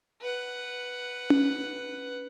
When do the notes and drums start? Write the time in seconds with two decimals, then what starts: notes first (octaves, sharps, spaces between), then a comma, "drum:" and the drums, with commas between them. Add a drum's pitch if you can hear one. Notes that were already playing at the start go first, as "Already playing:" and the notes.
0.21 B4 F#5
1.30 drum: tom C#4